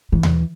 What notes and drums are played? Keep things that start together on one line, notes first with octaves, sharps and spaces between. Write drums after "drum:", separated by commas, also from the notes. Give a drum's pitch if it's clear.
E3
drum: tom D#2